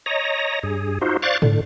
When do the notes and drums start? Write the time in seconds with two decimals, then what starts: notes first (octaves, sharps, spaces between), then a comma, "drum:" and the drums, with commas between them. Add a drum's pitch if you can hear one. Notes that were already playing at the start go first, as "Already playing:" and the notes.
0.06 C#5 D#5 A#5
0.63 G2 G#4
1.02 D#4 F4 F#4 C5
1.22 C5 D5 F5 C#6 F#6 A6
1.42 A2 D3, drum: tom